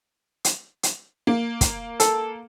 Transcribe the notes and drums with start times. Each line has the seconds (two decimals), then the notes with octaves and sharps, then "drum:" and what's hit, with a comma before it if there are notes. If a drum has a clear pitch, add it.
0.44 drum: hi-hat
0.83 drum: hi-hat
1.27 A#3
1.61 drum: kick, hi-hat
2.00 A4, drum: hi-hat